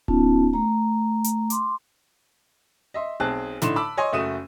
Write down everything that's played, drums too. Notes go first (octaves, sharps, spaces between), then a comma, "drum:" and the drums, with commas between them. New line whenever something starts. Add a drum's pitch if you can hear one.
B3 C#4 D#4 F4 A5, drum: kick D1
A3 A#5
drum: hi-hat
C6 D6, drum: hi-hat
D#5 E5 C6
B1 C4 G#4 A5 F#6
A2 D3 D#4 C6 E7, drum: snare
A5 B5 D6 E6
C#5 D#5 G#5 C6
F#1 A3 F#4 D#6 D#7 E7